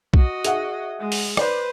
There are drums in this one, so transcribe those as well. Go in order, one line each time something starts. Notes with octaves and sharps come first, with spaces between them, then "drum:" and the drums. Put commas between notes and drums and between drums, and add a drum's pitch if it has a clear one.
F#4 D#5, drum: kick B1
G#4 E5 F#5, drum: hi-hat
G#3
drum: open hi-hat
B4 C5 D5, drum: rim click